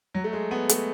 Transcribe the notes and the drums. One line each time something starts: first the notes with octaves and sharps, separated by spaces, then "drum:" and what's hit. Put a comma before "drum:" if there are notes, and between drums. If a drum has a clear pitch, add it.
F#3
A3
G#3
B3
A3, drum: hi-hat